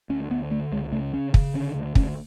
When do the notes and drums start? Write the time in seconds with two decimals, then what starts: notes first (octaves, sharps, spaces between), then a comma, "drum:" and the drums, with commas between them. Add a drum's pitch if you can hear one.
0.09 D2 C#4
0.30 D2 B3
0.51 D3 A3
0.72 C#2 G#3
0.92 C#3 A3
1.13 C#3 C#4
1.34 C#3, drum: kick
1.54 D3 C#4
1.75 D2
1.95 D2 C#4, drum: kick